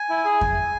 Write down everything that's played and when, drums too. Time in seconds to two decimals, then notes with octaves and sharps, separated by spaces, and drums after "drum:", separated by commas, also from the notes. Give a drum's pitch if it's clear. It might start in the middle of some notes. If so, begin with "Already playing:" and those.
Already playing: G#5
0.10 E4
0.25 G#4
0.41 drum: kick F2